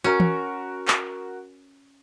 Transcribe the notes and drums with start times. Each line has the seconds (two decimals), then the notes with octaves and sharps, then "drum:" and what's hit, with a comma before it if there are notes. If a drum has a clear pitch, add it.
0.04 C#4 F#4 A#4
0.20 drum: tom
0.88 drum: clap